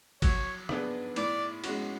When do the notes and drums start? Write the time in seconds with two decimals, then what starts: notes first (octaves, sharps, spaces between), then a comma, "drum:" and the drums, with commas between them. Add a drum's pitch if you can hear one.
0.22 F#3 C#5, drum: kick G#1, cymbal
0.69 B3 D4 G#4 B4, drum: rim click
1.16 A2 D5, drum: cymbal
1.64 G#3 C#4 F#4, drum: cymbal